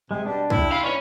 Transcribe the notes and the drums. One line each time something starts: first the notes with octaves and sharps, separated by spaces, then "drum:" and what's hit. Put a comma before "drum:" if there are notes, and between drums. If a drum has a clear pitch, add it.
C3 G#3
B2 G3 D4
C3 E4, drum: kick B1
F4 F5 B5
G#2 E3 C#4 D4